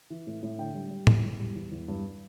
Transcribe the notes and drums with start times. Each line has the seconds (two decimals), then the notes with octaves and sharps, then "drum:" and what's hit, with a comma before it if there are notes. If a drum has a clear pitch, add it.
0.10 E3
0.27 A2
0.43 A2
0.59 D3 G5
0.74 G3
0.91 G3
1.07 E2, drum: tom A2
1.24 E2
1.39 G3
1.56 E2
1.72 E2
1.88 G2